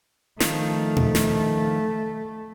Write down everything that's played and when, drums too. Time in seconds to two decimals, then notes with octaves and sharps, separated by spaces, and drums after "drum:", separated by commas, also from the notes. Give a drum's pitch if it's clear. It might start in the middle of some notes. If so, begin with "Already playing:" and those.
0.40 D#3 F3 A3, drum: snare
0.97 drum: tom A#2
1.15 drum: snare